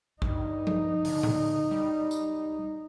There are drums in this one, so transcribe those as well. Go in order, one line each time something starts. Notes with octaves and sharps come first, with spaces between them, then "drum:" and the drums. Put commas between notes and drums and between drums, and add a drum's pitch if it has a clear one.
G2 D#4, drum: kick A1
drum: tom F3
D3, drum: open hi-hat
drum: tom A2
G3
drum: tambourine